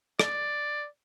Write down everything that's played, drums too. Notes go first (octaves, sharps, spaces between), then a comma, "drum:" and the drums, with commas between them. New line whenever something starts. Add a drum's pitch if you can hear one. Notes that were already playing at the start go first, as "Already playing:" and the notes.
D5, drum: rim click